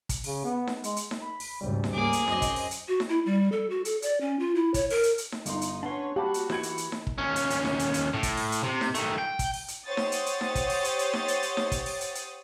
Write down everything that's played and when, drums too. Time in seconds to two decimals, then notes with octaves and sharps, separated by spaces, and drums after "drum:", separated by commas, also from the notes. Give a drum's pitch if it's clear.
0.09 drum: kick, hi-hat
0.24 C#3, drum: open hi-hat
0.44 B3
0.67 drum: snare D#4
0.84 G#3, drum: hi-hat
0.97 drum: hi-hat
1.11 drum: snare D#4
1.22 B5
1.40 drum: open hi-hat
1.61 D2 G#2 C#3 G3
1.84 drum: snare D#4
1.94 G#2 A#3 G#4 D6
2.13 drum: hi-hat
2.28 F#2 C4 D#5 D6, drum: snare D#4
2.42 drum: kick, hi-hat
2.56 drum: open hi-hat
2.71 drum: hi-hat
2.88 F#4
3.00 drum: snare D#4
3.09 E4
3.26 G3
3.52 A4
3.70 F#4
3.85 A4, drum: hi-hat
4.02 D5, drum: hi-hat
4.21 C#4
4.39 F4
4.55 E4
4.74 C#5, drum: kick, hi-hat
4.90 A#4, drum: open hi-hat
5.03 drum: hi-hat
5.18 drum: hi-hat
5.32 drum: snare D#4
5.46 G1 D#4 C6, drum: hi-hat
5.61 drum: hi-hat
5.83 C#4 D4 B4 C#5 F#5 C6
6.16 A#3 F#4 G4 F5 F#5 A5 B5
6.34 drum: hi-hat
6.50 E3 B5 G6 G#6 C#7, drum: snare D#4
6.63 drum: hi-hat
6.78 drum: hi-hat
6.92 drum: snare D#4
7.07 drum: kick
7.18 D#2 C#4
7.36 drum: hi-hat
7.50 drum: hi-hat
7.65 drum: snare D#4
7.79 drum: hi-hat
7.94 drum: hi-hat
8.14 A2
8.23 drum: kick, hi-hat
8.37 drum: open hi-hat
8.52 drum: hi-hat
8.63 C3
8.81 drum: snare D#4
8.95 D#3 A3, drum: hi-hat
9.18 G5
9.39 drum: kick, hi-hat
9.54 drum: open hi-hat
9.68 drum: hi-hat
9.86 G4 C5 C#5 F#5 D#6 A6
9.97 drum: snare D#4
10.12 drum: hi-hat
10.26 drum: hi-hat
10.41 drum: snare D#4
10.55 drum: kick, hi-hat
10.70 drum: open hi-hat
10.84 drum: hi-hat
10.99 drum: hi-hat
11.13 drum: snare D#4
11.28 drum: hi-hat
11.43 drum: hi-hat
11.57 drum: snare D#4
11.72 drum: kick, hi-hat
11.86 drum: open hi-hat
12.01 drum: hi-hat
12.15 drum: hi-hat